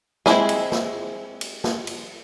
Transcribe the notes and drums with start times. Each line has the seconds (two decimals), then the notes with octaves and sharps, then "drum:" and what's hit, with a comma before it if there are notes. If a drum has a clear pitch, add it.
0.26 G#3 C4 C#4 E4 G#4, drum: snare
0.49 drum: cymbal
0.72 drum: snare
1.41 drum: cymbal
1.64 drum: snare
1.87 drum: cymbal